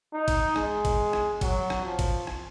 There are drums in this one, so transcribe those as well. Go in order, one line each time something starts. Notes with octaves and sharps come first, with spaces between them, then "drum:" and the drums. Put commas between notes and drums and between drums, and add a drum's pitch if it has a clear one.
D#4
drum: kick, cymbal
G#3, drum: rim click
drum: kick, cymbal
drum: rim click
F#3, drum: kick, cymbal
drum: rim click
F3
drum: kick, cymbal
drum: rim click